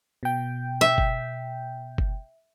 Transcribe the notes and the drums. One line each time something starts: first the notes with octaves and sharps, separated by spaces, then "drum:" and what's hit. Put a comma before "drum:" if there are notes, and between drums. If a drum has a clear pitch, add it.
B2 G5
E5
drum: kick F#1
drum: kick F#1